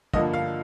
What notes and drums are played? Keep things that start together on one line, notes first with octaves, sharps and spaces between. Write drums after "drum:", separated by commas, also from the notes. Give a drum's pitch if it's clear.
G2 D3 F3 A#3 D#5, drum: kick
F5